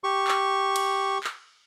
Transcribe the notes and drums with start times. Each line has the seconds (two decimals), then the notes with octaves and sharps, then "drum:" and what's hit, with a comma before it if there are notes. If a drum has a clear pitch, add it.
0.04 G4 C#6
0.28 drum: clap
0.76 drum: cymbal
1.24 drum: clap